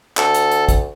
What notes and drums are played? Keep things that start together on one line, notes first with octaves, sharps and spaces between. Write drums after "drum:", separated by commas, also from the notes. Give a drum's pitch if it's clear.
D2 A4, drum: clap
drum: hi-hat
drum: hi-hat
drum: kick, hi-hat